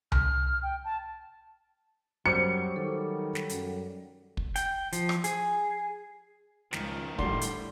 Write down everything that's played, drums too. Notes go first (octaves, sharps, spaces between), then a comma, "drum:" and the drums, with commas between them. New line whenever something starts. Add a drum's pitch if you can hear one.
F6, drum: tom C2
G5
A5
F#2 F#3 G3 C5 C#7
D#3 A4
drum: snare
F#2, drum: hi-hat
drum: kick
G5, drum: hi-hat
F3, drum: hi-hat
drum: rim click
G#4, drum: hi-hat
C#2 D#3 F3, drum: snare
A2 D3 G3 C6, drum: kick
drum: hi-hat